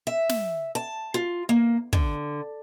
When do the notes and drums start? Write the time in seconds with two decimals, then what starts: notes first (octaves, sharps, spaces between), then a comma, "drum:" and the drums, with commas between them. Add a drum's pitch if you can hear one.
0.07 E5
0.29 drum: snare
0.75 A5
1.14 F4
1.49 A#3
1.93 D3, drum: kick